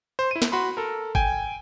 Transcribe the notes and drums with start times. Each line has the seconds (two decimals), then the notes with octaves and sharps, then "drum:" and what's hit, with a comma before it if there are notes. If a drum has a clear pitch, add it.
0.19 C5
0.31 E4 D#7
0.42 drum: snare
0.52 F#4 B5 C6
0.77 A4 A#4
1.15 G5 G#5, drum: kick G#1